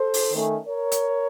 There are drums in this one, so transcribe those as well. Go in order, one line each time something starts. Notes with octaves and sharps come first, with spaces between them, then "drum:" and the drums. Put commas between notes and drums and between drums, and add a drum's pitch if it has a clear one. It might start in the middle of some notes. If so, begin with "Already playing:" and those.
Already playing: A4 C5
drum: open hi-hat
D#3 A3 C#4
A#4 C#5
drum: hi-hat